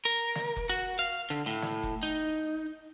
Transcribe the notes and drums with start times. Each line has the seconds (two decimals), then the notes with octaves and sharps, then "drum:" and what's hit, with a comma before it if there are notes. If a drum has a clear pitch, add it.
0.05 A#4
0.35 drum: snare
0.57 drum: kick F1
0.69 F#4
0.99 F5
1.30 D3
1.46 A2
1.62 drum: snare
1.83 drum: kick F1
2.03 D#4